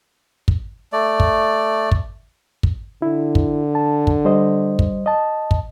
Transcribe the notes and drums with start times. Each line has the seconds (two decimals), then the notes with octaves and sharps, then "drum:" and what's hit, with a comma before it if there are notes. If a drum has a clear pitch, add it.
0.48 drum: kick
0.93 A3 D5
1.20 drum: kick
1.91 drum: kick
2.63 drum: kick
3.02 D3 E4
3.35 drum: kick
3.75 A5
4.07 drum: kick
4.25 G3 C5 D#5
4.79 drum: kick
5.06 D#5 A5
5.51 drum: kick